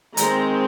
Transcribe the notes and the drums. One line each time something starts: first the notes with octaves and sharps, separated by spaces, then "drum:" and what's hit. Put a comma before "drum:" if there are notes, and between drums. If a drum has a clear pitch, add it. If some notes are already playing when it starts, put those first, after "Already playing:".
D#3 G#3 C4 A#5, drum: hi-hat